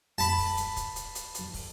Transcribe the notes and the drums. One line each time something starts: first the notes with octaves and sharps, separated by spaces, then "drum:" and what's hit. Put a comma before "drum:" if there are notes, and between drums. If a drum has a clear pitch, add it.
A5 B5
drum: kick, open hi-hat
drum: hi-hat
drum: kick, hi-hat
drum: hi-hat
drum: hi-hat
drum: hi-hat
drum: kick, open hi-hat